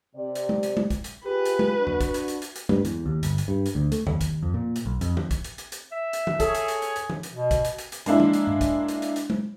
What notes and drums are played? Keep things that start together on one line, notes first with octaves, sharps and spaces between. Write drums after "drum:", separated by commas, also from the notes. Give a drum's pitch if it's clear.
C3 D5
drum: hi-hat
drum: tom G#3
drum: hi-hat
drum: tom G#3
drum: kick, hi-hat
drum: hi-hat
F4 G4 G#4 B4
drum: hi-hat
drum: tom G#3
D4 F#4
drum: tom E2
drum: kick, hi-hat
drum: hi-hat
drum: hi-hat
drum: hi-hat
drum: hi-hat
G2, drum: tom G#3
E2, drum: hi-hat
D#2
G1, drum: hi-hat
drum: hi-hat
G2
drum: hi-hat
D2
A3, drum: hi-hat
D#2, drum: tom E2
drum: kick, hi-hat
F2
A#2
drum: hi-hat
B1
F2, drum: hi-hat
drum: tom E3
drum: kick, hi-hat
drum: hi-hat
drum: hi-hat
drum: hi-hat
E5
drum: hi-hat
drum: tom E3
G#4 A4 C#5, drum: kick, hi-hat
drum: hi-hat
drum: hi-hat
drum: hi-hat
drum: hi-hat
drum: tom E3
drum: hi-hat
B2
drum: kick, hi-hat
drum: hi-hat
drum: hi-hat
drum: hi-hat
G#3 A#3 D4 E4, drum: hi-hat
drum: tom E3
drum: hi-hat
drum: tom G2
drum: kick, hi-hat
drum: hi-hat
drum: hi-hat
drum: hi-hat
drum: tom G#3